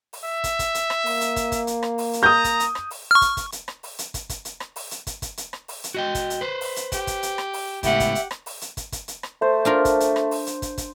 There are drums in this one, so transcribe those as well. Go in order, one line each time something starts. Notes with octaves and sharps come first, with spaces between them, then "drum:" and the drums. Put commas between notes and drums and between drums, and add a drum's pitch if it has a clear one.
drum: open hi-hat
E5
drum: kick, hi-hat
drum: kick, hi-hat
drum: hi-hat
drum: rim click
A#3, drum: open hi-hat
drum: hi-hat
drum: kick, hi-hat
drum: kick, hi-hat
drum: hi-hat
drum: rim click
drum: open hi-hat
drum: hi-hat
A#5 D#6 G6
drum: kick, hi-hat
drum: hi-hat
drum: rim click
drum: open hi-hat
C#6 F6
drum: kick, hi-hat
drum: kick, hi-hat
drum: hi-hat
drum: rim click
drum: open hi-hat
drum: hi-hat
drum: kick, hi-hat
drum: kick, hi-hat
drum: hi-hat
drum: rim click
drum: open hi-hat
drum: hi-hat
drum: kick, hi-hat
drum: kick, hi-hat
drum: hi-hat
drum: rim click
drum: open hi-hat
drum: hi-hat
F#4 D#5 G5
drum: kick, hi-hat
drum: hi-hat
B4 C5
drum: open hi-hat
drum: hi-hat
G4, drum: kick, hi-hat
drum: kick, hi-hat
drum: hi-hat
drum: rim click
drum: open hi-hat
C#2 A2 B3 G4 E5 F#5, drum: kick, hi-hat
drum: kick, hi-hat
drum: hi-hat
drum: rim click
drum: open hi-hat
drum: hi-hat
drum: kick, hi-hat
drum: kick, hi-hat
drum: hi-hat
drum: rim click
A3 C5
D4 F4 A#4
drum: kick, hi-hat
drum: hi-hat
drum: rim click
drum: open hi-hat
drum: hi-hat
drum: kick, hi-hat
drum: kick, hi-hat